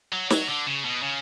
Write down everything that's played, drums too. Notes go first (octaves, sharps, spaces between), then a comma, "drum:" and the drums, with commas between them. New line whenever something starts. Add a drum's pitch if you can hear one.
F#3
F#3, drum: snare
D3
C#3
B2
C#3